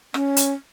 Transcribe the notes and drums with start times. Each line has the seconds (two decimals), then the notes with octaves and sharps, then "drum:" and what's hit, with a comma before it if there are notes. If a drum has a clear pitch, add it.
0.14 C#4, drum: rim click
0.37 drum: hi-hat